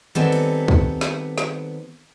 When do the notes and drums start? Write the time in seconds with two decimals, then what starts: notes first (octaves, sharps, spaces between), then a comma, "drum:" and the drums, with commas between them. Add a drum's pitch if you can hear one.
0.15 D#3 G3 B3 C4 A4 G#5
0.32 drum: cymbal
0.68 drum: kick
1.01 drum: snare
1.38 drum: snare